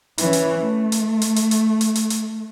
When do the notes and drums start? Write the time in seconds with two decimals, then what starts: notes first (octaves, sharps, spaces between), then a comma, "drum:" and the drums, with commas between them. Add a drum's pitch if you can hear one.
0.18 E3 C#4, drum: hi-hat
0.33 drum: hi-hat
0.59 A3
0.92 drum: hi-hat
1.22 drum: hi-hat
1.36 drum: hi-hat
1.51 drum: hi-hat
1.81 drum: hi-hat
1.95 drum: hi-hat
2.10 drum: hi-hat